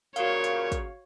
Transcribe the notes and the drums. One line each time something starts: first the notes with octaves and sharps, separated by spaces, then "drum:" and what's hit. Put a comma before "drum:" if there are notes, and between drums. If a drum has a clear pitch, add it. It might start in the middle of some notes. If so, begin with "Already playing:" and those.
A#2 C#3 F#4 A#4 C#5 F5, drum: hi-hat
drum: hi-hat
drum: kick, hi-hat